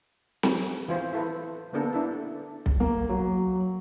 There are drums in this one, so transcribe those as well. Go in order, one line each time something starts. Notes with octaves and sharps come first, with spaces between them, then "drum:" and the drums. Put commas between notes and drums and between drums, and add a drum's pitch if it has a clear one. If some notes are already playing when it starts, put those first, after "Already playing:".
drum: snare
E3 F4 C5
E4 A4 B4
D3 A#3 B3 D4 A4
D4 E4 A4
drum: kick B1
A#3
F#3